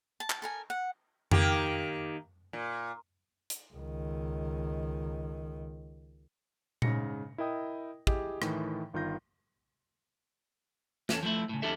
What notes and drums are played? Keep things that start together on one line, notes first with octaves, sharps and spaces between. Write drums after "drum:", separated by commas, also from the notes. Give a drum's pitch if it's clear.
A5
drum: clap
A4 A#4 G#5
F#5
D#3 A#3 G4, drum: tom F2
A#2
drum: hi-hat
C#2 D#3
G#2 C#3 A#6 C#7, drum: tom A#2
E4 A#4 D#5 G5 D#6
E4 G4 G#4 D#5, drum: kick
A2 D#3 E3, drum: rim click
G1 D#3 F4 G6 A#6
E2 C#4 A4, drum: snare
F3 A3 E4
A2 C#3
F2 D4 E4 G4 A4 E5